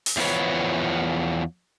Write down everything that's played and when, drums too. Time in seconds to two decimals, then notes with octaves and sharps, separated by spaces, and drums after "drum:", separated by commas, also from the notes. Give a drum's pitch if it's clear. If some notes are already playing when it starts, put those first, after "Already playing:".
0.06 drum: open hi-hat
0.17 E2 F3 C4 B4 C#5